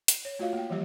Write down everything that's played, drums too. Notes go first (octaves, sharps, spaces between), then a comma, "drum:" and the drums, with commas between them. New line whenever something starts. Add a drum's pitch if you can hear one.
drum: hi-hat
C#5
A3 F4 F#4 C#5 D#5 F5
A#3 G5
E3 F3 G3 G4 C#5